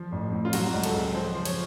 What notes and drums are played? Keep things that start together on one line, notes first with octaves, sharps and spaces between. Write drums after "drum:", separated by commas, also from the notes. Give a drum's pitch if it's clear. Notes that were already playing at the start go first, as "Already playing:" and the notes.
Already playing: F3
A1
A2
F4
F#3 F#4, drum: cymbal
C#2
A4, drum: cymbal
C#3
F3 C5
F3
C#5, drum: cymbal